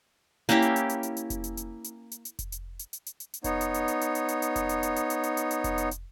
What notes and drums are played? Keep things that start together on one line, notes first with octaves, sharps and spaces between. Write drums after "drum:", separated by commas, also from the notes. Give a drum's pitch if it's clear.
A#3 C#4 E4 G4, drum: hi-hat
drum: hi-hat
drum: hi-hat
drum: hi-hat
drum: hi-hat
drum: hi-hat
drum: kick F1, hi-hat
drum: hi-hat
drum: hi-hat
drum: hi-hat
drum: hi-hat
drum: hi-hat
drum: kick F1, hi-hat
drum: hi-hat
drum: hi-hat
drum: hi-hat
drum: hi-hat
drum: hi-hat
drum: hi-hat
B3 D#4 C#5, drum: kick F1, hi-hat
drum: hi-hat
drum: hi-hat
drum: hi-hat
drum: hi-hat
drum: hi-hat
drum: hi-hat
drum: hi-hat
drum: kick F1, hi-hat
drum: hi-hat
drum: hi-hat
drum: hi-hat
drum: hi-hat
drum: hi-hat
drum: hi-hat
drum: hi-hat
drum: kick F1, hi-hat
drum: hi-hat
drum: hi-hat